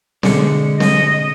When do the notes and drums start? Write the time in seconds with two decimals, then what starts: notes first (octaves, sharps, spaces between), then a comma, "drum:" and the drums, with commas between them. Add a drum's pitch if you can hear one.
0.23 B2 D3 G#3 C#7, drum: snare C4
0.80 D#5, drum: snare C4